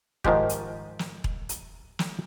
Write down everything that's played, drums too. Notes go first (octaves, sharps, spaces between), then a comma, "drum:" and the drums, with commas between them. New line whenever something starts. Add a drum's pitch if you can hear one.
G#2 D#3 F3 G#3 G4, drum: kick E1
drum: hi-hat
drum: snare
drum: kick E1
drum: hi-hat
drum: snare